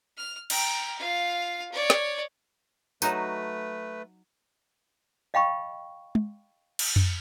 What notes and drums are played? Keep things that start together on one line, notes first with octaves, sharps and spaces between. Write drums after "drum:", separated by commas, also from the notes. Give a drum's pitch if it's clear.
F6
G5 A#5, drum: cymbal
F4 F5
C#5 D5
drum: snare
F#3 A3 D#4 F#4 B4, drum: tambourine
D#5 F5 G5 B5 C#6
drum: tom
drum: cymbal
drum: tom F2